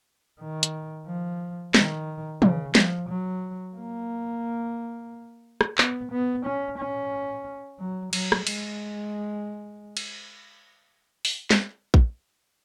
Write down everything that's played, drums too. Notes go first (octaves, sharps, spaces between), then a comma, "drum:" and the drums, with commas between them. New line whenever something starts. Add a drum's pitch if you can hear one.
D#3
drum: hi-hat
F3
D#3, drum: snare
C#3, drum: tom
F3, drum: snare
F#3
A#3
drum: rim click
B3, drum: clap
B3
C#4
C#4
F#3
F#3, drum: cymbal
drum: rim click
G#3, drum: cymbal
drum: cymbal
drum: open hi-hat
drum: snare
drum: kick A#1